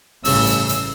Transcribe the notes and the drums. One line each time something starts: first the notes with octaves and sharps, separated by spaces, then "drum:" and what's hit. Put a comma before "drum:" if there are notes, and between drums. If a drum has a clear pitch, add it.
A1 G2 C#3 E6, drum: open hi-hat
drum: hi-hat
drum: hi-hat